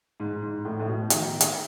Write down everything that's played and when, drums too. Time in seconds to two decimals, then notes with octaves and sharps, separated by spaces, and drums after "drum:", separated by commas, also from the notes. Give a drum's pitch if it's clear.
0.20 G#2
0.42 G#2
0.65 A2
0.80 A2
0.88 B2
1.10 D#3, drum: hi-hat
1.41 drum: hi-hat